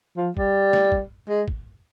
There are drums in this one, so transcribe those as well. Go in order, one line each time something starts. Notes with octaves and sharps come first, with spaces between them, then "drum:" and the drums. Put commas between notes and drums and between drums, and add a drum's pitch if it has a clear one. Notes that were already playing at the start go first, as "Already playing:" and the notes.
F3
G3, drum: kick
drum: snare
drum: kick
G#3
drum: kick